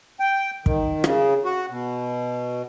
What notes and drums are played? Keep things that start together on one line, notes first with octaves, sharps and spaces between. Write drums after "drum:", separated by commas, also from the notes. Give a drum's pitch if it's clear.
G5
D#3, drum: kick
C#3, drum: rim click
F#4
B2